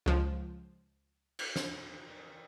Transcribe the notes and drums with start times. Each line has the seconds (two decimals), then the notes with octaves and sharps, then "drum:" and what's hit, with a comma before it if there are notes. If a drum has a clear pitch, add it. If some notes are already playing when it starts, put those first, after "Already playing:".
0.06 C#2 F3
1.39 drum: cymbal
1.56 drum: snare